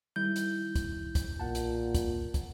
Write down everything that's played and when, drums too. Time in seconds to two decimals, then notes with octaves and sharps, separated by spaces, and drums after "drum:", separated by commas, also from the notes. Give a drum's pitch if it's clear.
0.16 D#3 G3 E4 G6
0.36 drum: hi-hat
0.75 drum: kick, hi-hat
1.15 drum: kick, hi-hat
1.39 B1 A#2 F#5 A5
1.55 drum: hi-hat
1.95 drum: kick, hi-hat
2.34 drum: kick, hi-hat